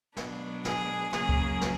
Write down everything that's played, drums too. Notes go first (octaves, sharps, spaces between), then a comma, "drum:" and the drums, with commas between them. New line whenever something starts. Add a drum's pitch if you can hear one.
B2 F#3 B3 D4, drum: snare
G#4, drum: snare
C#3 F#3 A#3 C#4 G#4, drum: snare
drum: kick C#2
drum: snare